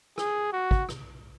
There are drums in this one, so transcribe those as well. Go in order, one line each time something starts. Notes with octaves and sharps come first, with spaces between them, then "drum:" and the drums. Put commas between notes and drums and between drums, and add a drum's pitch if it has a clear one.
G#4, drum: rim click
F#4
drum: kick
drum: rim click